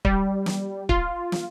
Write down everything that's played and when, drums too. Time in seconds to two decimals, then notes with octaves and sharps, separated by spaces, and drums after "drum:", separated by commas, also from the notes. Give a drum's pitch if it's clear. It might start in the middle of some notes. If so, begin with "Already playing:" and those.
0.05 G3, drum: kick
0.46 drum: snare
0.89 F4, drum: kick
1.32 drum: snare